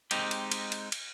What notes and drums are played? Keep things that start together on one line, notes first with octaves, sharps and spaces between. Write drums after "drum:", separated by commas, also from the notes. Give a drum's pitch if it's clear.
G#3 C4 D#4 G4, drum: cymbal
drum: cymbal
drum: cymbal
drum: cymbal
drum: cymbal